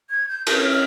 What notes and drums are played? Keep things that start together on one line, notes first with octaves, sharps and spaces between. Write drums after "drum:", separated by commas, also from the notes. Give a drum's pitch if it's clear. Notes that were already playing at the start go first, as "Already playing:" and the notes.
G#6
G6
G6, drum: cymbal
F6
F6